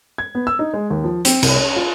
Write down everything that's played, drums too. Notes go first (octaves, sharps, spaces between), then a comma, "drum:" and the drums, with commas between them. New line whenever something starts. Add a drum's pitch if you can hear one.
G#6
B3
E6
D#4
G#3
D#2
F3
C4, drum: hi-hat
C2, drum: cymbal
C#4
F4